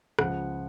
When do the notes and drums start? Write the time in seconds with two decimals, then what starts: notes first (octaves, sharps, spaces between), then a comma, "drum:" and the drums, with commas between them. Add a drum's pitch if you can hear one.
0.19 C#2 C#3 F3 F#5, drum: rim click